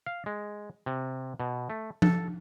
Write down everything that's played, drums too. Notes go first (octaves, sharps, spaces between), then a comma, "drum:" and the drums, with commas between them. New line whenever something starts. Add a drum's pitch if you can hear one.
F5
G#3
C3
B2
A3
A4, drum: tom F3